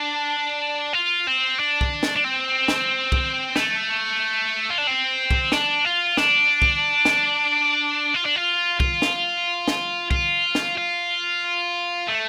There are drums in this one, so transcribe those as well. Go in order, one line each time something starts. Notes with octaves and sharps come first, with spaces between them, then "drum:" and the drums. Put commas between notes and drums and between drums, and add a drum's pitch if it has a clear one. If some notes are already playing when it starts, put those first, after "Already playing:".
Already playing: D4
F4
C4
D4
drum: kick C2
drum: snare
D4
C4
drum: snare
drum: kick C2
A3, drum: snare
F4
D4
C4
drum: kick C2
D4, drum: snare
F4
D4, drum: snare
drum: kick C2
drum: snare
F4
D4
F4
F4, drum: kick C2
drum: snare
drum: snare
F4, drum: kick C2
drum: snare
F4
A3